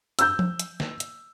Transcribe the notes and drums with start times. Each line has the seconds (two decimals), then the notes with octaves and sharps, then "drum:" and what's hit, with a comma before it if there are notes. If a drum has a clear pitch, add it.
0.19 E6 G6, drum: hi-hat
0.39 drum: tom F3
0.59 drum: hi-hat
0.80 drum: snare
1.00 drum: hi-hat